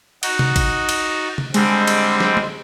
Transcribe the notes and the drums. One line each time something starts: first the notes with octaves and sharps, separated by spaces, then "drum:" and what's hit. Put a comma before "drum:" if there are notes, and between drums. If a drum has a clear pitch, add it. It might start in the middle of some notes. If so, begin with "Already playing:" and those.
D#4 F#4, drum: cymbal
drum: tom
drum: kick A1, cymbal
drum: cymbal
drum: tom
D3 G3 G#3 C4, drum: cymbal
drum: cymbal
drum: snare
drum: tom